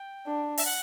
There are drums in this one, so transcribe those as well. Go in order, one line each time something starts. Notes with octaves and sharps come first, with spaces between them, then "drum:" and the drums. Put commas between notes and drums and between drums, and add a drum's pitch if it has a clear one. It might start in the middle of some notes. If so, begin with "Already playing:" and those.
Already playing: G5
D4
E5, drum: open hi-hat
F#5